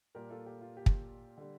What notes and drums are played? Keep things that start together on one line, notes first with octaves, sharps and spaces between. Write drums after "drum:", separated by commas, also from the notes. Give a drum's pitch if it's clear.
A#2 G3 G4 A#4
F4 A4
G4
F4
G4
drum: kick
D3 G3